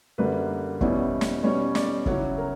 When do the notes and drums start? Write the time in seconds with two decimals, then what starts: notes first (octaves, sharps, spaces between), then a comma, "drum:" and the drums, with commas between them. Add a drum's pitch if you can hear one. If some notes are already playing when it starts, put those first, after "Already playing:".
0.18 F#2 D3 G3 A#3 B4
0.81 E2 B2 G3 C#4 E4, drum: kick
1.21 drum: snare
1.43 B2 G3 C#4 C#5
1.75 D5, drum: snare
2.06 C#3 F#3 C#4 E4 C#5, drum: kick
2.38 A#4